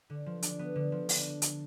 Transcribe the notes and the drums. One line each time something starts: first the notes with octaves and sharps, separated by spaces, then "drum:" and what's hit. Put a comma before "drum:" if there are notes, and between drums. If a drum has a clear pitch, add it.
D3
F3
D4, drum: hi-hat
B3
D3
F3
D4, drum: open hi-hat
drum: hi-hat